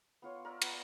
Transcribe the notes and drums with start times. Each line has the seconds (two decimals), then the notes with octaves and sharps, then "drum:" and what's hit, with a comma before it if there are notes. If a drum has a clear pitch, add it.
0.22 B3 F4 C#5 C6
0.45 A#4 D5 E5
0.62 B3, drum: cymbal